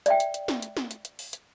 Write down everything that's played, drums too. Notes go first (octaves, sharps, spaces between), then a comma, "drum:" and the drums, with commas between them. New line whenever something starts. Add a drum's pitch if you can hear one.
D5 E5 G5, drum: hi-hat
drum: hi-hat
drum: hi-hat
drum: snare
drum: hi-hat
drum: snare
drum: hi-hat
drum: hi-hat
drum: open hi-hat
drum: hi-hat